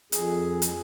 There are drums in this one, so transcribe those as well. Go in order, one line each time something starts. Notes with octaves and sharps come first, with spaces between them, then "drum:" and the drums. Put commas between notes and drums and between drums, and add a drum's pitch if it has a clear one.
F2 G#4, drum: hi-hat
drum: hi-hat